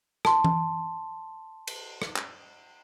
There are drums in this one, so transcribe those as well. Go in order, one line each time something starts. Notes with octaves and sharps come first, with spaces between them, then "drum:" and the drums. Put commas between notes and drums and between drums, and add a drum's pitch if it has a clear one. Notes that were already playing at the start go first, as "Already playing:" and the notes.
A5 C6, drum: rim click
drum: tom E3
drum: cymbal
drum: rim click
drum: clap